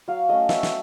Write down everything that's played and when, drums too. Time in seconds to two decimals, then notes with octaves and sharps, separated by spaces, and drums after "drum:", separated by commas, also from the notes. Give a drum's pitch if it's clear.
0.08 F#3 F5
0.29 A3 C#4 D#5
0.49 F#3 E5, drum: snare
0.63 drum: snare